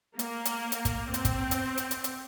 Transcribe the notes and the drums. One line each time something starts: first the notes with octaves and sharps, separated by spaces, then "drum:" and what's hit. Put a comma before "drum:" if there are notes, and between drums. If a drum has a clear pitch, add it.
A#3, drum: hi-hat
drum: hi-hat
drum: hi-hat
drum: kick, hi-hat
C4, drum: hi-hat
drum: kick, hi-hat
drum: hi-hat
drum: hi-hat
drum: hi-hat
drum: hi-hat